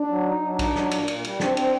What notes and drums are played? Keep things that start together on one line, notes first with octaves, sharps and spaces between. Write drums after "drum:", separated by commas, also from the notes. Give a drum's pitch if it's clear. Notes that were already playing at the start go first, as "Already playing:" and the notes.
Already playing: D4
F#3
D#4
F#3 D4
D#4, drum: kick A#1, cymbal
F#3, drum: snare
A#2, drum: cymbal
A#2, drum: cymbal
G3, drum: cymbal
C4 D4, drum: snare
C4, drum: cymbal